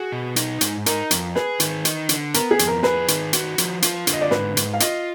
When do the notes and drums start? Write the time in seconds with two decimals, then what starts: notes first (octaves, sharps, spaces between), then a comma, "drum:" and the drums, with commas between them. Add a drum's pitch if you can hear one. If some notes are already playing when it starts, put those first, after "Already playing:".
Already playing: F#4 G#4
0.12 B2
0.36 D#4, drum: hi-hat
0.61 G#2, drum: hi-hat
0.86 D#4 A#4, drum: hi-hat
1.11 F2, drum: hi-hat
1.36 G#4 B4, drum: snare
1.60 D#3, drum: hi-hat
1.85 D#4, drum: hi-hat
2.09 D3, drum: hi-hat
2.34 B3 A#4, drum: hi-hat
2.51 G#4
2.59 F2, drum: hi-hat
2.67 A#4
2.83 G#4 B4, drum: snare
3.08 D#3, drum: hi-hat
3.33 F#4, drum: hi-hat
3.58 F3, drum: hi-hat
3.82 F4, drum: hi-hat
4.07 D3, drum: hi-hat
4.13 D#5
4.21 D5
4.31 G#2 B4, drum: snare
4.57 G#2, drum: hi-hat
4.73 F5
4.80 F4 D#5, drum: hi-hat